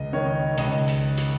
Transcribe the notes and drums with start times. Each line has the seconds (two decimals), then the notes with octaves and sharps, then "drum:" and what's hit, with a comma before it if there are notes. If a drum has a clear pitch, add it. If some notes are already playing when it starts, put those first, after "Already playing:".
Already playing: C#2 D#5
0.13 D#3 C#5
0.58 C#2 D#5, drum: hi-hat
0.88 drum: hi-hat
1.18 drum: hi-hat